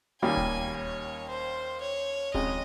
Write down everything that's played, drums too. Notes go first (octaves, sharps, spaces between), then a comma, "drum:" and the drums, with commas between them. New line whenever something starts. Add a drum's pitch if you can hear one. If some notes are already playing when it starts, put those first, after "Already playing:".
D#2 D#3 G3 A#3 C#4 G#5
drum: kick D1
C#5
C5
C#5
F2 D#3 G#3 C#4 D#5, drum: kick D1